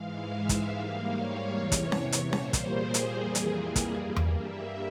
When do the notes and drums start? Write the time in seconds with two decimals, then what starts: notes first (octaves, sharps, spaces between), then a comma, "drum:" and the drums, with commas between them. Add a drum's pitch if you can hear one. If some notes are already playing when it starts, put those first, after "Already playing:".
Already playing: G#2 E3 G#3 F5
0.29 E5
0.49 drum: kick, hi-hat
0.70 G#2 G3 A#3 F5
1.11 C#5
1.51 E2 C3 E3
1.72 drum: kick, hi-hat
1.92 drum: snare C#4
2.12 drum: hi-hat
2.33 A#2 G3 A#3 C5, drum: snare C#4
2.53 drum: kick, hi-hat
2.73 G#4
2.94 drum: hi-hat
3.14 F2 E3 G3 A#3
3.35 drum: hi-hat
3.55 G#4
3.76 drum: kick, hi-hat
3.97 G2 G3 A#3
4.16 drum: tom E2
4.37 E5